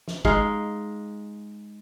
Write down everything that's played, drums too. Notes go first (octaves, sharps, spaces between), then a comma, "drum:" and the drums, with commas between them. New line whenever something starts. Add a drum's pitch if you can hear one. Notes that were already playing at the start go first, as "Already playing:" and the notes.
drum: snare
G#3 D#4 F5, drum: kick